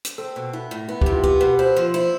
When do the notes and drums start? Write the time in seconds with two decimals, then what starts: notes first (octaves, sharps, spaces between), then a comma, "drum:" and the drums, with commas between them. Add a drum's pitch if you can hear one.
0.05 drum: hi-hat
0.18 C4 A4
0.36 B2
0.53 B3 E4
0.71 A2
0.88 B3 E4
1.01 C3 G4, drum: kick
1.12 F4
1.24 B3 G4, drum: kick
1.41 B2 B4
1.59 E4 C5
1.77 F3
1.94 E4